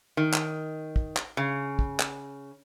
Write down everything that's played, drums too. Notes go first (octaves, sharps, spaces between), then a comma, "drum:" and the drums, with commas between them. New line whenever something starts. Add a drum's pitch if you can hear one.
D#3
drum: clap
drum: kick
drum: clap
C#3
drum: kick
drum: clap